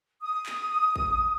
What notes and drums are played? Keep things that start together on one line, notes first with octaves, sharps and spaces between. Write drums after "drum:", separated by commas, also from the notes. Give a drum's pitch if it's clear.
D#6
drum: clap
drum: kick